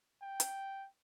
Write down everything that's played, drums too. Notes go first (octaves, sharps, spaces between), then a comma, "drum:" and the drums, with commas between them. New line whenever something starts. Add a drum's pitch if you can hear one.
G5
drum: hi-hat